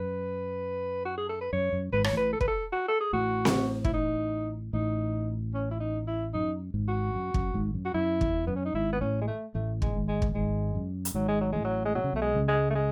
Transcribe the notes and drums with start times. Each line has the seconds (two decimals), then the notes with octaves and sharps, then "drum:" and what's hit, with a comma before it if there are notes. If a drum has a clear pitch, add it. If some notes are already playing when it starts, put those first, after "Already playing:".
Already playing: F#2 B4
1.05 F#4
1.18 G#4
1.29 A4
1.41 B4
1.53 F#2 C#5
1.73 F#2
1.93 G#1 G#2 B4
2.04 C#5, drum: rim click
2.13 A1 A2 B4
2.33 A4
2.41 B4, drum: kick
2.48 A4
2.73 F#4
2.88 A4
3.00 G#4
3.13 A1 A2 F#4
3.45 drum: snare C4
3.84 E4, drum: kick
3.94 D#4
4.73 A1 A2 D#4
5.54 C#4
5.71 E4
5.80 D#4
6.07 E4
6.34 F#2 D#4
6.74 G#1 G#2
6.88 F#4
7.14 F#2
7.34 F#2, drum: kick
7.54 G#1 G#2
7.74 F#2
7.85 F#4
7.94 F#2 E4
8.21 E2, drum: kick
8.47 F#2 B3
8.56 C#4
8.65 D#4
8.74 G#1 G#2 E4
8.93 B3
9.01 A1 A2 C#4
9.21 G#3
9.27 A3
9.55 A1 A2 A3
9.82 G#3, drum: kick
9.94 G#1 G#2
10.08 G#3
10.22 drum: kick
10.35 G#1 G#2 G#3
10.75 F#2
11.05 drum: hi-hat
11.15 G#1 G#2 F#3
11.28 G#3
11.41 F#3
11.52 A1 A2 G#3
11.65 F#3
11.85 G#3
11.95 B2 F#3
12.04 C#3
12.13 B1 B2 A3
12.21 G#3
12.35 C#2 C#3
12.48 G#3
12.70 A3
12.75 G#3